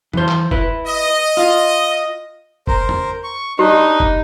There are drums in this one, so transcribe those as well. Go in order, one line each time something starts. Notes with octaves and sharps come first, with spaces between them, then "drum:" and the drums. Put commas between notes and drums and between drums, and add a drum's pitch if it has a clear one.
E3 C5, drum: tom E2
drum: clap
E4 B4, drum: kick
D#5
F4
A#4 C5, drum: kick
drum: tom E2
C#6
D4 D#4 G4 B4 D#5
drum: kick